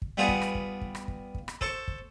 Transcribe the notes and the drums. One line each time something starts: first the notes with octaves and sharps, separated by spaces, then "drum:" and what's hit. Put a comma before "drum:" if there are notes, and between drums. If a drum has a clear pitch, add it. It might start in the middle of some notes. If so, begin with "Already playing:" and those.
drum: kick
G3 B3 F4 G#4 F#5
drum: kick
drum: rim click
drum: kick
drum: kick
drum: rim click
drum: kick
drum: kick
drum: rim click
A4 C5 C#6, drum: kick
drum: kick